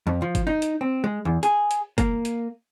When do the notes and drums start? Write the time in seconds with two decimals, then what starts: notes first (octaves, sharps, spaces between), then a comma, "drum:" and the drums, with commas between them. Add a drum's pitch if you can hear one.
0.07 F2
0.22 F3
0.35 drum: kick F#1, hi-hat
0.47 D#4
0.62 drum: hi-hat
0.81 C4
1.04 G#3
1.25 E2
1.43 G#4, drum: hi-hat
1.71 drum: hi-hat
1.98 A#3, drum: kick F#1, hi-hat
2.25 drum: hi-hat